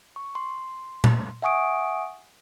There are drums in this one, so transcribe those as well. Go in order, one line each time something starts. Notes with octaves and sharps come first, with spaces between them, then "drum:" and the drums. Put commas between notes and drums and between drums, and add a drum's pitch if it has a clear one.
C#6
C6
drum: tom A#2
E5 F#5 G#5 C#6 D#6 D7